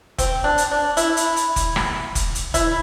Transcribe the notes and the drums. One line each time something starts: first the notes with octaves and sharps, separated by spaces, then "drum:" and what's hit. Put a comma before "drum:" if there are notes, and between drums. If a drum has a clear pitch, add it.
C4, drum: kick F1, hi-hat
D4
drum: hi-hat
D4
E4, drum: hi-hat
drum: hi-hat
drum: hi-hat
drum: kick F1, hi-hat
drum: rim click
drum: kick F1, hi-hat
drum: hi-hat
E4, drum: kick F1, hi-hat